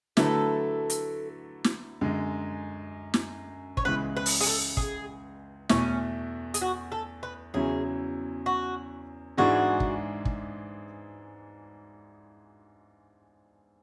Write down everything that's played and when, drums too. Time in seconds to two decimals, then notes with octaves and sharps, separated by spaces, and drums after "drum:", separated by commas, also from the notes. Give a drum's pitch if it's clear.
0.17 D3 F#3 A3 E4 A4 B4, drum: snare
0.90 drum: hi-hat
1.64 drum: snare
2.01 F#2 D3 G#3
3.14 drum: snare
3.77 C#5, drum: kick
3.85 C#2 C#3 E3 G#3 B4
4.17 B4
4.26 drum: open hi-hat
4.41 G#4, drum: open hi-hat
4.47 A4
4.77 G#4, drum: kick
5.69 E2 B2 A3 C#4, drum: snare
6.54 G#4, drum: hi-hat
6.61 F#4
6.92 A4
7.23 B4
7.54 E2 C#3 F#3 C#4 E4 G#4
8.46 F#4
9.37 G#2 E3 G#3 D4 F#4 G#4
9.80 drum: kick
10.25 drum: kick